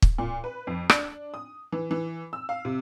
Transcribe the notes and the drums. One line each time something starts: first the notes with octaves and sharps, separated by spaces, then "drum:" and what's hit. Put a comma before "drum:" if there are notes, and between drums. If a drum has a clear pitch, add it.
drum: kick
A#2
B4
F2
D4, drum: rim click
D#6
E3
E3
E6
F5
C3